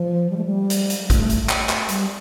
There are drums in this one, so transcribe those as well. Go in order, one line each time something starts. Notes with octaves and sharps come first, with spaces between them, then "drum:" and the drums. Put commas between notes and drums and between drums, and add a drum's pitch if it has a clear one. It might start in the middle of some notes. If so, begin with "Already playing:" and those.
Already playing: F3
G3
A3
G3
drum: hi-hat
drum: hi-hat
G3
A3, drum: kick A1, hi-hat
drum: hi-hat
drum: clap
drum: clap
G3, drum: hi-hat